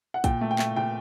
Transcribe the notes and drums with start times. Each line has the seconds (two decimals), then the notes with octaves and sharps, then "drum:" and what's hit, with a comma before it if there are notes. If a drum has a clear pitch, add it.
0.14 F#5
0.24 A#2 G5, drum: kick, hi-hat
0.41 A3
0.51 G5
0.59 A3, drum: clap
0.76 A#2 G5